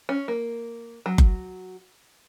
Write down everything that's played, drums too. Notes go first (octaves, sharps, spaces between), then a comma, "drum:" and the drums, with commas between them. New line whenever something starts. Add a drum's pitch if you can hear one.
C#4
A#3
F#3
drum: kick F#1